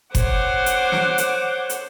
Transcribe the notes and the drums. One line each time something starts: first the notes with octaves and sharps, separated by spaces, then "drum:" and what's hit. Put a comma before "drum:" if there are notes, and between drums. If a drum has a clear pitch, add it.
C5 C#5 F#5 D6, drum: kick F#1, hi-hat
drum: hi-hat
drum: snare
drum: hi-hat
drum: hi-hat